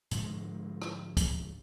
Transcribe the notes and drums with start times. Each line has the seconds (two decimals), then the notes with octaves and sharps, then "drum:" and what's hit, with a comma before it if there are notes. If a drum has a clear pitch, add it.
0.11 G#2 D3 F3 G#3, drum: hi-hat
0.82 drum: rim click
1.17 drum: kick, hi-hat